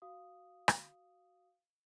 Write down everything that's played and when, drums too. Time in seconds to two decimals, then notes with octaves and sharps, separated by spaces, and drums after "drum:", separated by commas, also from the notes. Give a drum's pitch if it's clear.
0.02 F#4 F5 D#6
0.68 drum: rim click